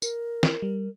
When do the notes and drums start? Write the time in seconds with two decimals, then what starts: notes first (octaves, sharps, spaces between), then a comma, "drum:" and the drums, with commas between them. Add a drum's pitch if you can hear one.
0.02 A#4, drum: tambourine
0.43 drum: snare
0.62 G3